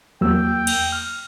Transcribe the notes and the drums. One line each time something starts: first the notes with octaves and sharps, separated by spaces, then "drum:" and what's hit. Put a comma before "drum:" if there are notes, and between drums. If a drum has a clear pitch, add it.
E2 F#3 A#3 G5 E6
drum: cymbal
F6